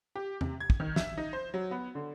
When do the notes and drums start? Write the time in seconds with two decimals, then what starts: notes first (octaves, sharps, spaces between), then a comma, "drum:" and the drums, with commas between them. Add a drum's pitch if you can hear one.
0.15 G4
0.41 C3, drum: tom E2
0.60 G#6
0.70 drum: kick
0.80 D#3
0.96 E5, drum: snare
1.17 D#4
1.33 C5
1.54 F#3
1.71 B3
1.95 D3